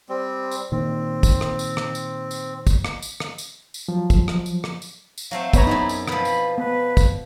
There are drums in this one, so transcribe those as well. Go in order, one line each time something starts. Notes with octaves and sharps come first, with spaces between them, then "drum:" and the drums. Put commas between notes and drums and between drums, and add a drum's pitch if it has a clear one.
G3 C4
drum: tambourine
A#2 D#3 C4
drum: kick, tambourine
drum: rim click
drum: tambourine
drum: rim click
drum: tambourine
drum: tambourine
drum: kick, tambourine
drum: rim click
drum: tambourine
drum: rim click
drum: tambourine
drum: tambourine
F3 F#3
drum: kick, tambourine
drum: rim click
drum: tambourine
drum: rim click
drum: tambourine
drum: tambourine
F#3 A3 C4 F5
B3 C#5 A#5 B5, drum: kick, tambourine
F#2 D#4 E4 G#4
drum: tambourine
B2 F3 B5, drum: rim click
drum: tambourine
B3 B4
drum: kick, tambourine